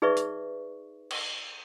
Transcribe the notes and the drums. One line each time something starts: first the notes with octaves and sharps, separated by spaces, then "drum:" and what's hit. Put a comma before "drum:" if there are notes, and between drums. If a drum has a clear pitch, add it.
D#4 G#4 B4 D5 E5 C#6
drum: hi-hat
drum: cymbal